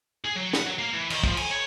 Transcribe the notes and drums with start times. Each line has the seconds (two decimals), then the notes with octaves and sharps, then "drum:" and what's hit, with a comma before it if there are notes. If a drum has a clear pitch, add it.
0.24 G#4
0.36 F#3
0.53 F#5, drum: snare
0.66 F#3
0.79 A#3
0.93 E3
1.10 D#3, drum: cymbal
1.24 F3, drum: kick
1.37 G#5, drum: cymbal
1.51 C#5